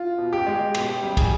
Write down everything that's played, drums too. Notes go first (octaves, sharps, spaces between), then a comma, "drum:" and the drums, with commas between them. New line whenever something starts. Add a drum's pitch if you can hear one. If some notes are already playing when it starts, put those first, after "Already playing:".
Already playing: F4
B2
G4
G#3
B2 G4, drum: cymbal
G3
G#4, drum: kick, cymbal